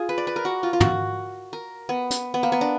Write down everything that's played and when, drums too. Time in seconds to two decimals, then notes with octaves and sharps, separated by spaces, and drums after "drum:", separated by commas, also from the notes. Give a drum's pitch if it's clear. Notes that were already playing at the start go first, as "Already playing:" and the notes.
Already playing: F4 G#4
0.09 B4
0.18 D5
0.27 B4
0.36 A#4
0.45 F#4
0.63 F4
0.73 F4
0.80 F#4, drum: tom
1.53 A#4
1.89 B3
2.10 drum: hi-hat
2.34 B3
2.43 A#3
2.52 B3
2.61 D4